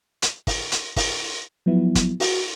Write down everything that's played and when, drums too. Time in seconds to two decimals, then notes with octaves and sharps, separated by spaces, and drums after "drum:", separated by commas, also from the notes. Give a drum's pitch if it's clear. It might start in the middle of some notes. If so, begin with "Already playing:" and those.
0.22 drum: hi-hat
0.47 drum: kick, open hi-hat
0.72 drum: hi-hat
0.96 drum: kick, open hi-hat
1.66 F3 F#3 B3 E4
1.95 drum: kick, hi-hat
2.20 F#4, drum: open hi-hat